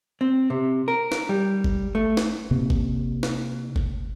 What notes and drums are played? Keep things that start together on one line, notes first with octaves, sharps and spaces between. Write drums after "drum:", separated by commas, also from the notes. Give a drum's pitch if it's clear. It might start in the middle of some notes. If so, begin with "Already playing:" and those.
C4
C3
A#4
drum: snare
G3
drum: kick G1
A3
drum: snare
C3 A#3
drum: kick G1
drum: snare
drum: kick G1